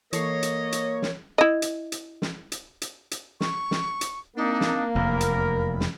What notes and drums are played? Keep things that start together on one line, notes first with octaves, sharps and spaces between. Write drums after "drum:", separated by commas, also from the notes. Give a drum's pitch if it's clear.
E3 A#3 A4 C#5 D#5 C7, drum: hi-hat
drum: hi-hat
drum: hi-hat
drum: snare
E4 D#5
drum: hi-hat
drum: hi-hat
drum: snare
drum: hi-hat
drum: hi-hat
drum: hi-hat
C#6, drum: snare
drum: snare
drum: hi-hat
A#3 C4 D4 D#4
drum: snare
F1 E2 A#4 B5
drum: hi-hat
drum: snare